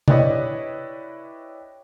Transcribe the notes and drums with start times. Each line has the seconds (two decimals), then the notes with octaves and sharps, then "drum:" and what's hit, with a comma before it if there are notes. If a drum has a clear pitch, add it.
0.08 D4 E4 G4 B4 C#5 D#5, drum: tom